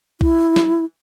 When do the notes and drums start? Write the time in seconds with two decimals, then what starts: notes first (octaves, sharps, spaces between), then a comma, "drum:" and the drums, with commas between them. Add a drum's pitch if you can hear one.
0.21 E4, drum: kick B1
0.56 drum: snare